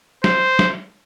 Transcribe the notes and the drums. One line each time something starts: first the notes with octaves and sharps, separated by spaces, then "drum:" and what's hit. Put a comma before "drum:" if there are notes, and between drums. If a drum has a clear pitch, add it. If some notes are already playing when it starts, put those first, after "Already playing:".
C5, drum: snare
drum: snare